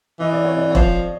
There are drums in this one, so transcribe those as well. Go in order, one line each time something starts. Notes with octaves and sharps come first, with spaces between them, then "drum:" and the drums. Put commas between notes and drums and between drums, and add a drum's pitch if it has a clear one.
E3 D#5
D5
C#5
D5
C#5
F3 C5, drum: kick E1